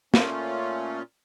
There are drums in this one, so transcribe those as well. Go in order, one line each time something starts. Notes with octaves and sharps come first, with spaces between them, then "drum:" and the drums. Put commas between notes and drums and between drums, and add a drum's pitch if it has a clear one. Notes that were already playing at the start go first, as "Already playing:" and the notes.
A#2 A3 C#4 F4, drum: snare